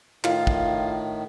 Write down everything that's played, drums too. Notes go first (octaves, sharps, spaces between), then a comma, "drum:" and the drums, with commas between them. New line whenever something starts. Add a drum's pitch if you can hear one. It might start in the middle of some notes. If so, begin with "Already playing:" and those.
A2 D#3 F4, drum: clap
drum: kick